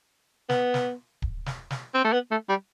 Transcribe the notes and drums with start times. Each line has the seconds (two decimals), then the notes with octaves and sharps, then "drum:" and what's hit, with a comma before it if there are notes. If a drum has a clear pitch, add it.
0.49 B3, drum: snare
0.74 drum: snare
1.22 drum: kick D1
1.46 drum: snare
1.70 drum: snare
1.94 C4
2.04 A3
2.13 B3
2.31 A3
2.49 G3